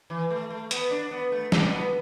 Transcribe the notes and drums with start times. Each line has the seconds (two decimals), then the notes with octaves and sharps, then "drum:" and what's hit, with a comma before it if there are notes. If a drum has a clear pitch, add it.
0.10 E3
0.30 A3
0.50 A3
0.71 B3, drum: hi-hat
0.91 D4
1.11 B3
1.32 A3
1.52 D4, drum: snare
1.71 B3